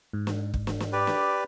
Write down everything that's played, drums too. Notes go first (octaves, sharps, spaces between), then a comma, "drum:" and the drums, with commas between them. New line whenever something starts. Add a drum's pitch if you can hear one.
G#2
drum: snare
drum: kick
drum: snare
drum: snare
G4 B4 D5
drum: snare